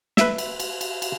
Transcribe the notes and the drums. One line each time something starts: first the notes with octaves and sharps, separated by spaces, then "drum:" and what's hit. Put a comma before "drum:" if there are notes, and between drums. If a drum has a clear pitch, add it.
B4 E5, drum: snare
drum: cymbal
drum: cymbal
drum: cymbal
drum: cymbal